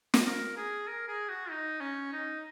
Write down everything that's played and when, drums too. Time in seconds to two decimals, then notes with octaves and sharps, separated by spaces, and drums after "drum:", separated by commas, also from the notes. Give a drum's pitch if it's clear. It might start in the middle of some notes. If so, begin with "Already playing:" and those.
0.14 drum: snare
0.25 A#4
0.57 G#4
0.87 A#4
1.08 G#4
1.29 F#4
1.50 D#4
1.81 C#4
2.13 D#4